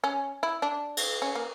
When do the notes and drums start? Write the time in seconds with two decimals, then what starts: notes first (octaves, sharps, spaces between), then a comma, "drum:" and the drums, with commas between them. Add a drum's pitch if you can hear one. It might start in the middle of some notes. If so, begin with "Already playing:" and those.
0.04 C#4
0.43 E4
0.62 D4
0.97 drum: cymbal
1.22 C#4
1.35 A#3